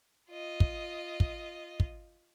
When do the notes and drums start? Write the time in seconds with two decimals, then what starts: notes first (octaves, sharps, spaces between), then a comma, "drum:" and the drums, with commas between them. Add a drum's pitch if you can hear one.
0.30 F4 D#5
0.60 drum: kick
1.20 drum: kick
1.80 drum: kick